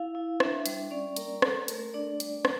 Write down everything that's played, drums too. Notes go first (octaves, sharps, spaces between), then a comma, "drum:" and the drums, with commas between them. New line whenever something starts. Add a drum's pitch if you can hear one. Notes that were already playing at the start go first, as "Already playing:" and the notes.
Already playing: E4 F5
E4
D4 E5, drum: rim click
G3, drum: hi-hat
C#4 D5
A#3 A#4, drum: hi-hat
C#4 A4, drum: rim click
A3 A#4, drum: hi-hat
D4 D5
G3, drum: hi-hat
C#4, drum: rim click